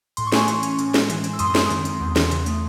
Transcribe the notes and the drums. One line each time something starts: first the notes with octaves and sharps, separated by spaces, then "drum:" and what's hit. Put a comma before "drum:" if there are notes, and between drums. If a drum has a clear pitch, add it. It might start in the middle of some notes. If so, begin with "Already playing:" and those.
A2 C6, drum: hi-hat
C#6
A3 G#5 C6, drum: snare
E3, drum: hi-hat
C#4, drum: hi-hat
A2, drum: hi-hat
G#3, drum: snare
E3, drum: hi-hat
C4, drum: hi-hat
E6
F#2 C6 D#6, drum: hi-hat
G#3, drum: snare
D#3, drum: hi-hat
F#2, drum: hi-hat
E2
E3, drum: snare
C#3, drum: hi-hat
A3, drum: hi-hat